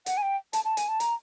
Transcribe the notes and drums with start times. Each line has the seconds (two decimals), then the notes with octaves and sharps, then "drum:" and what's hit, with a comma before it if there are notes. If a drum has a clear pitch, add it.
0.06 F#5, drum: hi-hat
0.17 G#5
0.22 G5
0.53 A5, drum: hi-hat
0.65 A5
0.77 G#5, drum: hi-hat
0.88 A5
1.00 A#5, drum: hi-hat